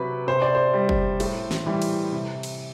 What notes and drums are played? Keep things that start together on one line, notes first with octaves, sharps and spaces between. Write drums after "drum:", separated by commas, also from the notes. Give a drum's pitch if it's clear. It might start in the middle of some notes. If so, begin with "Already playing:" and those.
Already playing: C3 F#3 B4
C3 C5
D5
C5
G3
drum: kick
A2, drum: cymbal
drum: snare
E3 G3
drum: cymbal
C3
drum: cymbal